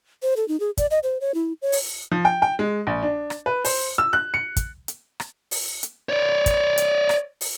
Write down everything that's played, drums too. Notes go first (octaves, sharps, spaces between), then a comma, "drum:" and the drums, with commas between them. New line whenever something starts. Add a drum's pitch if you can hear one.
C5
A4
D#4
G#4
D5, drum: kick, hi-hat
D#5
C5
C#5
E4
C#5
drum: open hi-hat
F3
G5
G5
G#3
A#1
D4
drum: rim click
B4
C5, drum: open hi-hat
E6
F#6
C#7
drum: kick, hi-hat
drum: hi-hat
drum: rim click
drum: open hi-hat
drum: hi-hat
C#5 D5
drum: kick, hi-hat
drum: hi-hat
drum: rim click
drum: open hi-hat